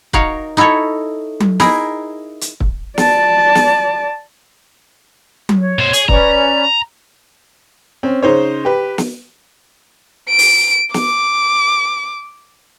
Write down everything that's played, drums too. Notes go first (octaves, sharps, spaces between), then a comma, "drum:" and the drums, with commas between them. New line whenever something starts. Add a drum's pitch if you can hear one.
D#4 F#4 A#4 C#5 F5, drum: kick
D#4 E4 F#4 A4 C#5
drum: tom F#3
D#4 E4 G#4 A#4, drum: snare
drum: hi-hat
drum: kick
D5 A5, drum: snare
drum: snare
drum: tom F#3
C#5
B2 C5
G#4, drum: hi-hat
C#4 B4 D5 A#5, drum: kick
C4 C#4
C#3 D#4 C5 C#5
G4 B4
drum: snare
D7
drum: open hi-hat
D6, drum: snare